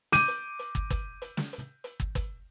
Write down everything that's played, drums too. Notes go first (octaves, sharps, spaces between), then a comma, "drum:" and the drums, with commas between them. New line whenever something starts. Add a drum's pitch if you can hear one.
D6 G6 D#7, drum: snare
drum: hi-hat
drum: hi-hat
drum: kick
drum: kick, hi-hat
drum: hi-hat
drum: snare
drum: hi-hat
drum: hi-hat
drum: kick
drum: kick, hi-hat